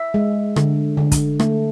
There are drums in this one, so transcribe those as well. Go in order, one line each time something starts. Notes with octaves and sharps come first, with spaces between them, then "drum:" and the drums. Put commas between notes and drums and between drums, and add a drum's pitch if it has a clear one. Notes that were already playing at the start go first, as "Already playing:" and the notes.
Already playing: E5
G#3
D3, drum: rim click
D3
drum: kick, hi-hat
A3, drum: rim click